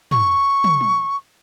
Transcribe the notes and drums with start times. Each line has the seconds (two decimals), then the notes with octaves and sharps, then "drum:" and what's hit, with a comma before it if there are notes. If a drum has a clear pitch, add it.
0.11 C#6, drum: tom
0.64 drum: tom
0.81 drum: tom